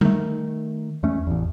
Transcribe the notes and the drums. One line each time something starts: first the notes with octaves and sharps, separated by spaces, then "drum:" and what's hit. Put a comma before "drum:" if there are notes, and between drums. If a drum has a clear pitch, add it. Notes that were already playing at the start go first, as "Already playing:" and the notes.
D#3 A3, drum: tom G3
E2 A3 C#4
A1 E2